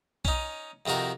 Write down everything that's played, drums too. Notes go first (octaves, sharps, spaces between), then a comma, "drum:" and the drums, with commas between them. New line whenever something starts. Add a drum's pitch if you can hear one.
C#4 D#4, drum: kick B1
F2 C3 D#3 F#4 A#4